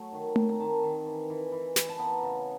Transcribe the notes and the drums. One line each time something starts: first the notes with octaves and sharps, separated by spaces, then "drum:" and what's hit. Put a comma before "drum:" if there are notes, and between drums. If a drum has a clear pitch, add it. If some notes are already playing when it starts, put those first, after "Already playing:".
Already playing: F#3 A3
D#3
C4, drum: tom A3
A#5
D#3 A5
D#3
E3
E3
E3
E3, drum: snare
A5
B3 A#5
C#3